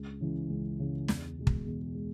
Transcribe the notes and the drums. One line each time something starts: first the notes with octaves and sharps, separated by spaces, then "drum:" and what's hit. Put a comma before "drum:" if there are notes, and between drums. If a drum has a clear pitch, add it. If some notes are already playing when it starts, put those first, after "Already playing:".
Already playing: C#2
C#3 E3 G#3
C#2
C#3 E3 G#3
E2, drum: snare
B2 G#3
drum: kick
E2
G#3